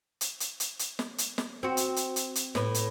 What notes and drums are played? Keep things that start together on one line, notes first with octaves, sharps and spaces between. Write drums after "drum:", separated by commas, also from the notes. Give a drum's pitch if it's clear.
drum: hi-hat
drum: hi-hat
drum: hi-hat
drum: hi-hat
drum: snare
drum: hi-hat
drum: snare
C4 F#4
drum: hi-hat
drum: hi-hat
drum: hi-hat
drum: hi-hat
A2 B4, drum: snare
drum: hi-hat